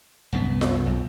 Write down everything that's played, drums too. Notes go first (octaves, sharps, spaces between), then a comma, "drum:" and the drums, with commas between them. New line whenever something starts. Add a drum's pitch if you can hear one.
C2 F#2 G3 B3
drum: snare F4
B1